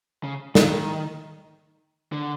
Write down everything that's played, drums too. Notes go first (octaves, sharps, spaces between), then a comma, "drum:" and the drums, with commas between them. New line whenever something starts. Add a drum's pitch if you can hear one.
C#3
D#3, drum: snare
D3